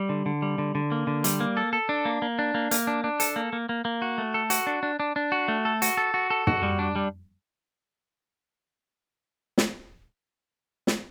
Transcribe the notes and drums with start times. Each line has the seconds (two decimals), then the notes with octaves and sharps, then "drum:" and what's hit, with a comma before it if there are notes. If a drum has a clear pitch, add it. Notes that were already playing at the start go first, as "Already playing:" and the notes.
Already playing: G3
0.09 D3
0.26 D3
0.42 G3
0.58 D3
0.75 D3
0.92 A#3
1.07 D3
1.24 G3, drum: hi-hat
1.40 A#3
1.57 A4
1.73 A4
1.89 D4
2.05 A#3
2.22 A#3
2.39 D4
2.55 A#3
2.71 A#3, drum: hi-hat
2.87 D4
3.04 D4
3.20 A4, drum: hi-hat
3.36 A#3
3.53 A#3
3.69 A#3
3.85 A#3
4.02 F#4
4.18 A3
4.34 A4
4.50 F#4, drum: hi-hat
4.67 D4
4.83 D4
5.00 D4
5.16 D4
5.32 F#4
5.48 A3
5.65 A4
5.82 F#4, drum: hi-hat
5.97 A4
6.14 F#4
6.30 A4
6.47 F#4, drum: tom
6.63 G3
6.79 D4
6.96 G3
9.58 drum: snare
10.87 drum: snare